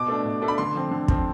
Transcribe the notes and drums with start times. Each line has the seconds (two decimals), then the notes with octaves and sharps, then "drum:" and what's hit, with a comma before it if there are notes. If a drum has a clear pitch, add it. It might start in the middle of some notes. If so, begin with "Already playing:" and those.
Already playing: B2 D6
0.08 A3 D4
0.25 B2
0.42 A3 D4
0.48 B5
0.58 D3 C6
0.74 F3 C4
0.91 D3
1.08 F3 C4, drum: kick